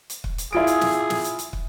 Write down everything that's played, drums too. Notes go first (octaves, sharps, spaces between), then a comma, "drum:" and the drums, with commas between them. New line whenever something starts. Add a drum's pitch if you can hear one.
drum: hi-hat
drum: kick
drum: hi-hat
E4 F4 G#4 D7
drum: hi-hat
drum: snare
drum: snare
drum: hi-hat
drum: hi-hat
drum: kick